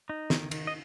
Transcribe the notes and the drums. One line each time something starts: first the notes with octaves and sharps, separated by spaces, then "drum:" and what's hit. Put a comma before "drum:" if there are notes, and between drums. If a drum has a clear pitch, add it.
D#4
D#3, drum: snare
D#3, drum: cymbal
D#5